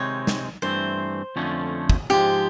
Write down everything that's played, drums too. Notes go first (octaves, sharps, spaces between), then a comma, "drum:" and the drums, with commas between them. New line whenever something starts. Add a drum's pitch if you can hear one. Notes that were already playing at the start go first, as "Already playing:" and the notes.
Already playing: C3 D#3 G#3 C4 D#4 C#5
drum: snare
G2 E3 A3 C4 C5
F2 D3 F3 A3 C#4
drum: kick
G#2 F3 G#3 G4